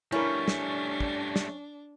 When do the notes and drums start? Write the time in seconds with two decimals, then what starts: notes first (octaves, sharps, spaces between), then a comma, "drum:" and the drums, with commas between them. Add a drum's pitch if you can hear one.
0.12 G3 A3 C#4 D4 E4 A#4
0.48 drum: snare
1.00 drum: kick
1.36 drum: snare